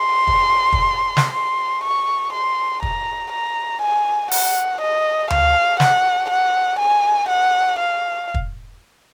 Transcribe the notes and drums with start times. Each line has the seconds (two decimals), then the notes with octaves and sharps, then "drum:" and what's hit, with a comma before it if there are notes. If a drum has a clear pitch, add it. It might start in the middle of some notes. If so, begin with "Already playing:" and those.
Already playing: C6
0.27 drum: kick
0.73 drum: kick
1.17 drum: snare
1.33 C6
1.84 C#6
2.33 C6
2.83 A#5, drum: kick
3.32 A#5
3.82 G#5
4.31 F#5, drum: open hi-hat
4.81 D#5
5.30 F5, drum: tom D2
5.80 F#5, drum: snare
6.30 F#5
6.79 G#5
7.29 F#5
7.79 F5
8.34 drum: kick